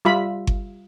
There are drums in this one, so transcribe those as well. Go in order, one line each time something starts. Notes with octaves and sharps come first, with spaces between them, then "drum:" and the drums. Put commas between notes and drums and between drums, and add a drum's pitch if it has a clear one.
G3 F4 E5 B5
drum: kick G1